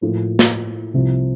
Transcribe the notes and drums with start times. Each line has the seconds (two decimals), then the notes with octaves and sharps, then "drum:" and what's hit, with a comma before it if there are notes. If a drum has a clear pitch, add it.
0.01 A2 F3 A#3
0.39 drum: snare
0.94 C2 C3 F3